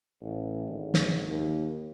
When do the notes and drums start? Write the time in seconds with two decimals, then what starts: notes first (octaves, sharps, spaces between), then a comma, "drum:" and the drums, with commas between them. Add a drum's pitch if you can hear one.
0.22 A1
0.69 G#1
0.94 drum: snare
1.28 D#2